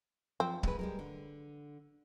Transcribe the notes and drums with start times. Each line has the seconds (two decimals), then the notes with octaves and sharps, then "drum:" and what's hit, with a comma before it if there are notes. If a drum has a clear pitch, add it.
0.40 F3 C4
0.63 G#3 G#4 B4, drum: kick C#1
0.79 G3 G#3 A#4
0.99 D3